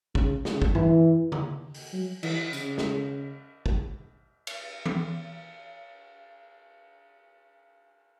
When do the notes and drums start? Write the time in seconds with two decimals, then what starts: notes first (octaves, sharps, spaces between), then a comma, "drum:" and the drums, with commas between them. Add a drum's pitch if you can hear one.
0.15 C#3, drum: kick
0.45 C#3, drum: snare
0.62 drum: kick
0.75 E3, drum: tom G2
1.32 drum: tom C#3
1.74 drum: open hi-hat
1.93 F#3
2.23 E3, drum: cymbal
2.53 C#3, drum: tambourine
2.78 drum: snare
3.66 drum: kick
4.47 drum: cymbal
4.86 drum: tom E3